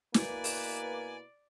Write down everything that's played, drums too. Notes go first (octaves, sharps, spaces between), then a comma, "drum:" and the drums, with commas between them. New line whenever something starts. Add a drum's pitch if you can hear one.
B2 A#3 E4 B4 D5 G#5, drum: snare
drum: open hi-hat